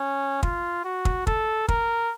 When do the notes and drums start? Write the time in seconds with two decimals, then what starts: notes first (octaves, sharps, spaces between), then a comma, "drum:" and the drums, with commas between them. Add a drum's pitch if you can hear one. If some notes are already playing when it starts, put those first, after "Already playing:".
Already playing: C#4
0.43 F4, drum: kick
0.84 F#4
1.05 drum: kick
1.27 A4, drum: kick
1.68 A#4, drum: kick